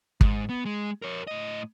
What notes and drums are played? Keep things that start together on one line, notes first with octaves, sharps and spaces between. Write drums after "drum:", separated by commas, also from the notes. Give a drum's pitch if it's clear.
G#2, drum: kick
B3
G#3
A#4 C#5
A2 D#5